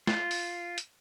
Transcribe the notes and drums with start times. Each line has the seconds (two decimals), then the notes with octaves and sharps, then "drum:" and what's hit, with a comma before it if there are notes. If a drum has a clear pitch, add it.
0.07 F4, drum: snare
0.31 drum: open hi-hat
0.78 drum: hi-hat